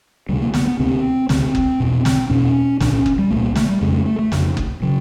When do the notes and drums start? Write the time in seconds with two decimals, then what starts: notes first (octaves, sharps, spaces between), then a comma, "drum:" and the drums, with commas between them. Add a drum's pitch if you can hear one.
0.29 D2 C3 G3
0.41 A#3
0.54 B3, drum: snare
0.67 B3
0.79 D2 C3 C4
1.29 D2 C3 C4, drum: snare
1.55 drum: kick F#1
1.80 E2 B2
2.05 drum: snare
2.30 E2 B2 C#4
2.80 C2 A#2 D4, drum: snare
2.93 C#4
3.06 drum: kick F#1
3.18 G3
3.30 C2 A#2 A3
3.43 A#3
3.55 A3, drum: snare
3.69 G3
3.81 F2 C#3 G#3
3.93 A3
4.06 A3
4.19 A3
4.32 F2 C#3, drum: snare
4.57 drum: kick F#1
4.82 C#3 F#3